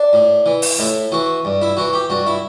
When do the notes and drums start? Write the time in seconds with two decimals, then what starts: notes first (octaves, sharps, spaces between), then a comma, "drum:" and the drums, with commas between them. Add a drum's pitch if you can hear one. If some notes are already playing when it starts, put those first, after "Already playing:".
Already playing: D4
0.13 A2
0.46 E3
0.62 drum: open hi-hat
0.79 A2 E4
1.12 E3 F#4
1.45 G2
1.62 E4
1.77 E3 F#4
1.93 G4
2.10 G2 F#4
2.26 E4